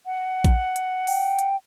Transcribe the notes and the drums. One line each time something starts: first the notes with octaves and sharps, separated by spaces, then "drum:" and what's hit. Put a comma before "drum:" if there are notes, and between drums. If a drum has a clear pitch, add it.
F#5
drum: kick A#1, hi-hat
drum: hi-hat
G5, drum: open hi-hat
drum: hi-hat